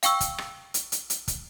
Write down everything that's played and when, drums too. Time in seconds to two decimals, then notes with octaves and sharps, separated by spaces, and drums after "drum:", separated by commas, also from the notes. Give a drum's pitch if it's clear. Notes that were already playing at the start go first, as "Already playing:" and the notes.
0.03 F5 G5 C#6 E6, drum: hi-hat
0.21 drum: kick, hi-hat
0.38 drum: rim click
0.74 drum: hi-hat
0.92 drum: hi-hat
1.10 drum: hi-hat
1.28 drum: kick, hi-hat